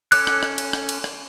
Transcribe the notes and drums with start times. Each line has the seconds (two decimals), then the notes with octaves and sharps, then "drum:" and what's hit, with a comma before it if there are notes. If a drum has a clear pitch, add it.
0.12 C#4 A4 C#5 D6 F#6, drum: cymbal
0.27 drum: rim click
0.43 drum: rim click
0.58 drum: cymbal
0.73 drum: rim click
0.89 drum: cymbal
1.04 drum: rim click